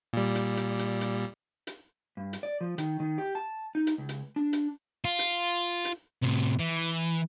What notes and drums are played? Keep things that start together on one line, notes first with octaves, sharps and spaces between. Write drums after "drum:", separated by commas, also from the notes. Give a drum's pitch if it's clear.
A#2 G3
drum: hi-hat
drum: hi-hat
drum: hi-hat
drum: hi-hat
drum: hi-hat
G2
drum: hi-hat
D5
F3
D#3, drum: hi-hat
D#3
G4
A5
D#4
drum: hi-hat
C#2
drum: hi-hat
D4
drum: hi-hat
F4
drum: hi-hat
drum: hi-hat
A2 C3
E3